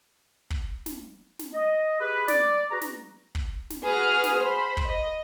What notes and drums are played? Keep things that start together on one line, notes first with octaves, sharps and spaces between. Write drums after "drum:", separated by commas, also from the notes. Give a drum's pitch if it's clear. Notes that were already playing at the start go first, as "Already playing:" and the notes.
drum: kick
drum: snare
drum: snare
D#5
G4 G#4 B4
D5, drum: snare
F#4 G#4 B4 A#5
drum: snare
drum: kick
drum: snare
F#4 G#4 B4 D#6 F6
drum: snare
C5 B5
drum: kick
D#5